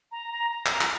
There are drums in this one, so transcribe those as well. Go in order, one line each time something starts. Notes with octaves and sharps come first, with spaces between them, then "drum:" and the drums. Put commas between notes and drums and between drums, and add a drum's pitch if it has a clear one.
A#5
A#5
A#5
drum: clap
drum: clap